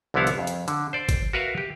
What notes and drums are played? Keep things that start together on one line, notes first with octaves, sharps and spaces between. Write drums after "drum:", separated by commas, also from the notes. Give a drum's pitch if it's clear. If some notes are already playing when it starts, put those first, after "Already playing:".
C2 D3 F3 B3 E4 F5
drum: hi-hat
F2
drum: hi-hat
D3, drum: hi-hat
C5 D5
drum: kick, hi-hat
F#4 A#4 B4 E5 F5
G4